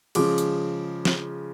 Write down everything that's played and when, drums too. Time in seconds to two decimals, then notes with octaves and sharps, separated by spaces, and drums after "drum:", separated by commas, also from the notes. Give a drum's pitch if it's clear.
0.15 C#3 F3 G#3 D6, drum: cymbal
0.38 drum: hi-hat
1.05 drum: snare